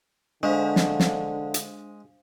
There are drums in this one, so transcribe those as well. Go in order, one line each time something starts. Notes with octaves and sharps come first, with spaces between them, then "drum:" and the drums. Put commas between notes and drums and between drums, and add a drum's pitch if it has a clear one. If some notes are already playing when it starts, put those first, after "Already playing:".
D3 G#3 D4 C5 F5
drum: snare
drum: snare
drum: hi-hat